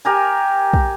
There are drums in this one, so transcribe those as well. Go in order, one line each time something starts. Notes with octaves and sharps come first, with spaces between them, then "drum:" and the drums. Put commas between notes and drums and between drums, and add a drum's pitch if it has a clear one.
G4 A#4 G#5
drum: kick